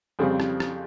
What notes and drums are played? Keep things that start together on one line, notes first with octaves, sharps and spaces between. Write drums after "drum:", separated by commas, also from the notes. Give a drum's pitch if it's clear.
F2 C#3 G3 C4
drum: rim click
drum: rim click